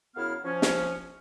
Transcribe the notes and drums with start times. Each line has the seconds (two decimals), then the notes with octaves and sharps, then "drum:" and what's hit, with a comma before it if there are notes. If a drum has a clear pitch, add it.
0.16 F#2 C#3 B3 E4 F5 F6
0.44 F3 C#4
0.62 drum: snare